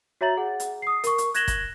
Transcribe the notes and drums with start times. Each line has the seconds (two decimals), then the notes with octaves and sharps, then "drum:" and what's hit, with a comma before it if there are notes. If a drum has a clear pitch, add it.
0.21 F#4 C#5 E5 A#5 A6 F#7
0.37 G#4 F#5
0.60 drum: hi-hat
0.82 D#6 C7
1.04 A#4 C#6, drum: hi-hat
1.18 drum: hi-hat
1.34 F#6 G#6 A#6 E7 F#7 G7, drum: hi-hat
1.48 drum: kick, hi-hat